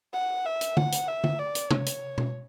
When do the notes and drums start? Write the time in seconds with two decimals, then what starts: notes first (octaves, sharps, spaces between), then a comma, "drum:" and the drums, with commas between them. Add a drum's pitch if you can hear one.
0.14 F#5
0.46 E5
0.61 drum: hi-hat
0.77 F#5, drum: tom
0.92 drum: hi-hat
1.08 E5
1.24 drum: tom
1.39 D5
1.55 drum: hi-hat
1.71 C#5, drum: tom
1.86 drum: hi-hat
2.18 drum: tom B2